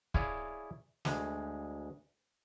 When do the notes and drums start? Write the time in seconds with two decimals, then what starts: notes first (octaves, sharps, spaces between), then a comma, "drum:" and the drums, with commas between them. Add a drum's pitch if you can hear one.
0.14 E4 G#4 C#5 D5 E5 F5, drum: kick
1.05 D2 G#3, drum: snare